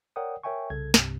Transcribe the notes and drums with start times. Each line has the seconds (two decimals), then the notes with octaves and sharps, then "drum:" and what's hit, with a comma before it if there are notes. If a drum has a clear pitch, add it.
0.16 A#4 C#5 D5 F#5 G5 D#6
0.44 A#4 C#5 E5 G5 G#5 C#6
0.70 C2 C#3 A4 G#6
0.94 C2 G2 C3, drum: snare